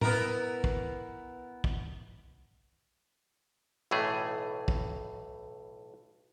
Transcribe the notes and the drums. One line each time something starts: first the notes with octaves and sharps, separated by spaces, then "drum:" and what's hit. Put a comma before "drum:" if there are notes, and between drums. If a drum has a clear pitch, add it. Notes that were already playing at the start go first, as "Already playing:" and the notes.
B3 E4 A#4, drum: tom A2
drum: kick
drum: kick
B1 A2 E3 A3 G#4
drum: kick